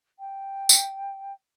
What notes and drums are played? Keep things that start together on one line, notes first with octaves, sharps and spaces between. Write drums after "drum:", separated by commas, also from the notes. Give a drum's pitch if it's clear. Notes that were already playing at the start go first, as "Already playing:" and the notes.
G5
drum: tambourine